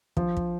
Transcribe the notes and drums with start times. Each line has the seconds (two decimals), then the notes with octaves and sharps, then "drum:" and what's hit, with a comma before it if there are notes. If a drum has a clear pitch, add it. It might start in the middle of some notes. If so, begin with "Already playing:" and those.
0.17 F3, drum: kick
0.37 drum: kick